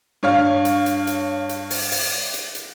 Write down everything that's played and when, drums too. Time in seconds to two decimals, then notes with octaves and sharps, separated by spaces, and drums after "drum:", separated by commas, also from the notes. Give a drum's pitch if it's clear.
0.23 G2 C#5 F5
0.65 drum: hi-hat
0.86 drum: hi-hat
1.07 drum: hi-hat
1.49 drum: hi-hat
1.70 drum: open hi-hat
1.91 drum: open hi-hat
2.34 drum: hi-hat
2.55 drum: hi-hat